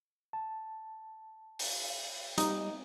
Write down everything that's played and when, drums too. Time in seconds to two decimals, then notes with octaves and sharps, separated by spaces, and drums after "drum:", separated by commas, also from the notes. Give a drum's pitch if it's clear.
0.33 A5
1.59 drum: open hi-hat
2.38 G3 D#4, drum: hi-hat